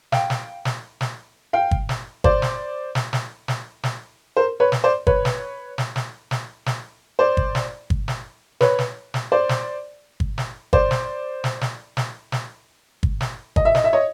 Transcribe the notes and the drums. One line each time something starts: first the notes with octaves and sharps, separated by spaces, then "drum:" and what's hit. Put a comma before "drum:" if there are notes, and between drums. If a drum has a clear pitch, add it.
F5 G5, drum: snare
drum: snare
drum: snare
drum: snare
F5 G5
drum: kick G1
drum: snare
C5 D5, drum: kick G1
drum: snare
drum: snare
drum: snare
drum: snare
drum: snare
A#4 C5
B4 C#5
drum: snare
C5 D5
B4 C#5, drum: kick G1
drum: snare
drum: snare
drum: snare
drum: snare
drum: snare
C5 D5
drum: kick G1
drum: snare
drum: kick G1
drum: snare
B4 C#5, drum: snare
drum: snare
drum: snare
C5 D5
drum: snare
drum: kick G1
drum: snare
C5 D5, drum: kick G1
drum: snare
drum: snare
drum: snare
drum: snare
drum: snare
drum: kick G1
drum: snare
D#5, drum: kick G1
E5
D#5, drum: snare
E5
C#5 D#5